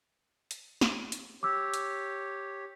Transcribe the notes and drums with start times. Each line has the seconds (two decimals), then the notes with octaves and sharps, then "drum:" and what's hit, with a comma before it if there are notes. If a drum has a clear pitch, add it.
0.51 drum: hi-hat
0.81 drum: snare
1.12 drum: hi-hat
1.43 G4 C#5 D6 E6
1.74 drum: hi-hat